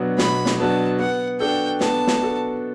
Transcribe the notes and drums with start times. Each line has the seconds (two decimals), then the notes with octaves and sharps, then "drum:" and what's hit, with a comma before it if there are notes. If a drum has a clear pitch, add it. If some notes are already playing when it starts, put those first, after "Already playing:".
Already playing: B2 F#3 B3 D4 F#4
0.18 B2 B5, drum: snare
0.46 drum: snare
0.59 F#3 B3 D4 F#4 A5
0.99 B3 F#5
1.40 D4 F#4 A4 G5
1.80 B3 A5, drum: snare
2.07 drum: snare
2.21 D4 F#4 A4